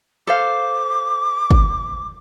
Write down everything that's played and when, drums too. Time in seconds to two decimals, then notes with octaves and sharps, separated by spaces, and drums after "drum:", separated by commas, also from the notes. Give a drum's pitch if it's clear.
0.27 A4 C5 F5 D6
1.51 drum: kick G1